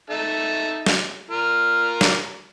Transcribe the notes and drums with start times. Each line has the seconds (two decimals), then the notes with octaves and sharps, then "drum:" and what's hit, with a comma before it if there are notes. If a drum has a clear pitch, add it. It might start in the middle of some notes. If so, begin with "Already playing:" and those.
0.10 D#4 A4 E5
0.86 drum: snare
1.30 F4 A#4
2.01 drum: snare